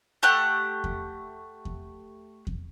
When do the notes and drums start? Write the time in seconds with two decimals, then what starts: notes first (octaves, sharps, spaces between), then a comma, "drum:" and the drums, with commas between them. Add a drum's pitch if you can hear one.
0.23 A3 G4 F#5
0.84 drum: kick E2
1.65 drum: kick E2
2.47 drum: kick E2